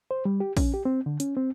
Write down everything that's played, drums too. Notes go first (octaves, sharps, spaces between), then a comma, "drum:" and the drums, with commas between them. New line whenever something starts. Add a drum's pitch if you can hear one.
C5
G3
G4
C#4, drum: kick A#1, open hi-hat
G4
C4
D3
C#4, drum: hi-hat
C4